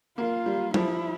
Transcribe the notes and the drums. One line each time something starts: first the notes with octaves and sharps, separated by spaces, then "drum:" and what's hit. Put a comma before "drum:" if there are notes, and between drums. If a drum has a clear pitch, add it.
A#3 F4
G3
F3 E4, drum: tom F#3